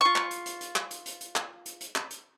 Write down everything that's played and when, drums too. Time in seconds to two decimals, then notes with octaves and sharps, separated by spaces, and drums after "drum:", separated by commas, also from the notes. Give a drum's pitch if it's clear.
0.01 F4 C#6
0.16 drum: clap
0.31 drum: hi-hat
0.46 drum: hi-hat
0.61 drum: hi-hat
0.76 drum: clap
0.91 drum: hi-hat
1.06 drum: hi-hat
1.21 drum: hi-hat
1.36 drum: clap
1.66 drum: hi-hat
1.81 drum: hi-hat
1.96 drum: clap
2.11 drum: hi-hat